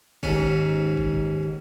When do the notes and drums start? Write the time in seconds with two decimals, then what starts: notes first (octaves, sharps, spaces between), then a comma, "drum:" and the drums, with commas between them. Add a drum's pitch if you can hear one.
0.23 D#2 G#2 C#4, drum: kick
0.97 drum: kick